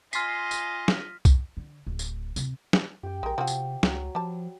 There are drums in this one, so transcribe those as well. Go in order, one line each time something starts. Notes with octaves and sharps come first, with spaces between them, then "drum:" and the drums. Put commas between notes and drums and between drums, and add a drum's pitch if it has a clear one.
F4 D#5 G#5 C6 F6 B6 C7, drum: tambourine
drum: tambourine
drum: snare
drum: kick C2, tambourine
D3
D1
drum: tambourine
C3, drum: tambourine
drum: snare
F#2 G4 G5
A#1 G#3 A#4
C3 F3 C4 F#4
drum: tambourine
C#2 F#3, drum: snare
F3 G3 A5